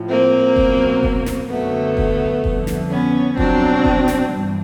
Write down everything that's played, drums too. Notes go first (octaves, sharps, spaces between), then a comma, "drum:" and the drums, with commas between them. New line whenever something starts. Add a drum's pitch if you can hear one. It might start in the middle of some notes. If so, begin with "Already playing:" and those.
Already playing: A2 F3
A#3 C4
B2 F#3, drum: kick F1
drum: kick F1
drum: snare
F#2 D3 F#3 A3 B3
drum: kick F1
F2 D3 G3, drum: kick F1
drum: snare
B3 C#4
B2 F#3 C4 D4, drum: kick F1
drum: kick F1
drum: snare
G2 E3 G3